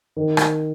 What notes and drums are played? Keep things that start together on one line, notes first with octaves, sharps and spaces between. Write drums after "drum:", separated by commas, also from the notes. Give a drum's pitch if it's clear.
D#3
drum: rim click